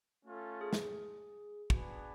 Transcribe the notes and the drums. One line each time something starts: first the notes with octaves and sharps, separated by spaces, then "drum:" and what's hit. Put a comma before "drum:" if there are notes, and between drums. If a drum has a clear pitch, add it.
A3 C#4 F4 A4
G#4
drum: snare
B3 D4 F#4 G#4 B4, drum: kick